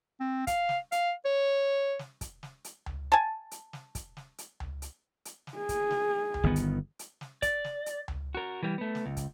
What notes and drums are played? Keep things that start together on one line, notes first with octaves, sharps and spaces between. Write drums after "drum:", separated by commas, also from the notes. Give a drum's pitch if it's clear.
C4
F5, drum: kick, hi-hat
drum: snare
F5, drum: hi-hat
C#5
drum: snare
drum: kick, hi-hat
drum: snare
drum: hi-hat
drum: tom C#2
G#5 A5
drum: hi-hat
drum: snare
drum: kick, hi-hat
drum: snare
drum: hi-hat
drum: tom C#2
drum: hi-hat
drum: hi-hat
drum: snare
G#4
drum: kick, hi-hat
drum: snare
drum: tom C#2
G1 D#3 B3
drum: hi-hat
drum: hi-hat
drum: snare
D5, drum: kick, hi-hat
drum: snare
drum: hi-hat
drum: tom C#2
F#4 A#4
E3 G3
A3 B3
drum: snare
C#2
drum: kick, hi-hat